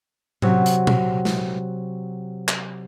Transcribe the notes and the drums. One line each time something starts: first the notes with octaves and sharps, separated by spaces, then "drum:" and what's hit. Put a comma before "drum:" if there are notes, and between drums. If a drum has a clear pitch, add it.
C3 F#3, drum: tom A2
drum: hi-hat
drum: tom A#2
drum: snare
drum: clap